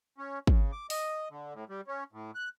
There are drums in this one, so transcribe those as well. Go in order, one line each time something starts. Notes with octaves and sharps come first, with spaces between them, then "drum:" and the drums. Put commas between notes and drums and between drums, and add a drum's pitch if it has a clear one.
C#4
C#3, drum: kick
D6
D#5, drum: open hi-hat
D3
A2
G3
C#4
A2
F#6